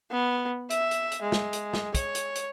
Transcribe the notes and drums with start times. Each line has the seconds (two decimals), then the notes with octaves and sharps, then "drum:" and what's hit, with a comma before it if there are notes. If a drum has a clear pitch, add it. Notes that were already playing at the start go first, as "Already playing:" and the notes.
0.11 B3
0.70 E5, drum: hi-hat
0.91 drum: hi-hat
1.12 drum: hi-hat
1.22 G#3
1.32 drum: snare
1.53 drum: hi-hat
1.74 drum: snare
1.95 C#5, drum: kick, hi-hat
2.15 drum: hi-hat
2.35 drum: hi-hat